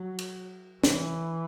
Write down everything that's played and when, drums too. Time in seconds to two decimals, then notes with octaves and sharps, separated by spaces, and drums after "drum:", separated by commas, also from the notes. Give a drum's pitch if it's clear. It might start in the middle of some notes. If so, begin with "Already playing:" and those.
Already playing: F#3
0.18 drum: cymbal
0.84 E3, drum: snare